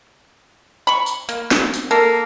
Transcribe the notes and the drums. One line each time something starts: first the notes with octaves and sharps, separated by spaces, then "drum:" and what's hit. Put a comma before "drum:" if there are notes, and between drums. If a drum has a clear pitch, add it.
B5 C#6
drum: tambourine
A#3, drum: tambourine
drum: snare
drum: tambourine
A#3 A4